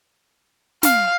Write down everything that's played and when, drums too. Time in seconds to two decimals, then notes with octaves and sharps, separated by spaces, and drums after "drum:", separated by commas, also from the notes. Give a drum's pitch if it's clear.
0.83 F5, drum: snare